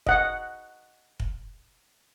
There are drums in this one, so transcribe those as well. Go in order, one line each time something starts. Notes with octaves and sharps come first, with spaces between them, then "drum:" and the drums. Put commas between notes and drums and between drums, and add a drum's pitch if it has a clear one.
D#5 F#5, drum: kick
drum: kick